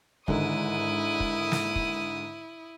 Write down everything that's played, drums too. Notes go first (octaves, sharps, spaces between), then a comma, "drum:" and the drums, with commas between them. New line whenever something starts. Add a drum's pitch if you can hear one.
G#2 D3 D#3 E4 D#6, drum: kick
drum: kick
drum: snare
drum: kick